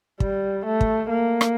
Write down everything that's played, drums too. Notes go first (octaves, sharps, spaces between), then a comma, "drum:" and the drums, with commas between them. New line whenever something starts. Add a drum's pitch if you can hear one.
G3, drum: kick
A3
drum: kick
A#3
drum: rim click